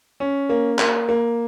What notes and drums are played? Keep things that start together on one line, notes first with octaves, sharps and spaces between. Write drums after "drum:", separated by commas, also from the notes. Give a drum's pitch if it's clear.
C#4
A#3
A#3, drum: clap
A#3